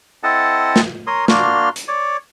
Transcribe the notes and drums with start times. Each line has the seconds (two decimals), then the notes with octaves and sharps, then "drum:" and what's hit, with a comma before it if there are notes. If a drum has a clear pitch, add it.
0.23 C4 E4 A4 D#5 F#5 A5
0.76 drum: snare
1.07 A#4 C#5 C6 D#6
1.28 A#3 D4 F#4 C6 F6, drum: snare
1.76 drum: hi-hat
1.88 C#5 D5